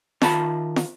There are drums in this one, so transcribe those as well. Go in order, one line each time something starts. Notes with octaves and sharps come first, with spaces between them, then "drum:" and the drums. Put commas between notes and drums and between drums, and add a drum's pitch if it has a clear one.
D#3 F4 A5 B5, drum: snare
drum: snare